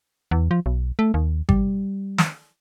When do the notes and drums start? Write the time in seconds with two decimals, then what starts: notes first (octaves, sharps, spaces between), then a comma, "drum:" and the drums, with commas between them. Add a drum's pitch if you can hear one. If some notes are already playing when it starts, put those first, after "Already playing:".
0.31 E2
0.51 F3
0.66 B1
0.99 A3
1.14 D#2
1.49 G3, drum: kick G#1
2.18 drum: snare